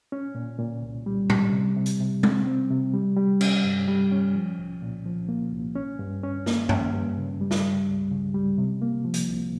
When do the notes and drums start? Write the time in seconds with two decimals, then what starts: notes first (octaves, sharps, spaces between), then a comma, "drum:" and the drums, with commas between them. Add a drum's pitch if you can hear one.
0.12 C#4
0.35 A#2
0.59 A#2
0.82 C2
1.06 G3
1.30 G3, drum: tom A2
1.53 C3
1.76 C3
1.86 drum: hi-hat
2.00 C3
2.23 C4, drum: tom G3
2.47 C4
2.70 C3
2.93 G3
3.17 G3
3.41 C#4, drum: cymbal
3.65 G2
3.88 G3
4.12 C#4
4.35 F3
4.59 C2
4.82 A#2
5.06 F3
5.29 A#3
5.52 C2
5.76 C#4
5.99 G2
6.23 C#4
6.46 A#3, drum: snare
6.69 C#4, drum: tom F#2
6.93 G2
7.17 C#3
7.41 G3
7.51 drum: snare
7.64 G3
7.88 C#2
8.11 C#3
8.34 G3
8.58 C3
8.82 A#3
9.05 F3
9.14 drum: hi-hat
9.29 C2